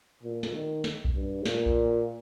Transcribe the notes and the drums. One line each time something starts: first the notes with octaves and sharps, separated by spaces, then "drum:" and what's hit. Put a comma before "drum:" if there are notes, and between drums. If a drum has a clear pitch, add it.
A#2
drum: snare
D#3
drum: snare
drum: kick A#1
G2
A#2, drum: snare
drum: kick A#1